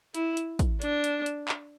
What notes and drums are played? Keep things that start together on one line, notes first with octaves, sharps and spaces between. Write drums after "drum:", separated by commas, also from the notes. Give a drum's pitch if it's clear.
E4, drum: hi-hat
drum: hi-hat
drum: kick, hi-hat
D4, drum: hi-hat
drum: hi-hat
drum: hi-hat
drum: clap